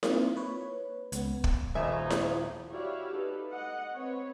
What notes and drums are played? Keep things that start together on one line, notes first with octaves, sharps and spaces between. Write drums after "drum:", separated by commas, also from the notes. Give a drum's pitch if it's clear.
A#3 C4 D#4 F4, drum: snare E4
B4 C#5
C#2 B3, drum: hi-hat
drum: kick
D#1 B2 F3 D#4 E5 G#5 G#6 E7
drum: snare E4
E4 F#4 G4 C#5 D5 F5
D#4 G4 A4 B4
D#5 F#5
C4 B4 C#5